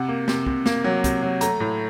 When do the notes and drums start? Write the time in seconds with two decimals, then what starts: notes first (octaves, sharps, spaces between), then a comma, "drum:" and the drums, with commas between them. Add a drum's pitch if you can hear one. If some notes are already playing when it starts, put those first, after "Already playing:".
Already playing: C3 F#5
0.08 A#3
0.28 C3, drum: snare
0.46 C3, drum: kick
0.66 A#3, drum: snare
0.84 F#3
1.04 C3, drum: kick, hi-hat
1.22 F#3
1.41 A3 A#5, drum: hi-hat
1.60 A2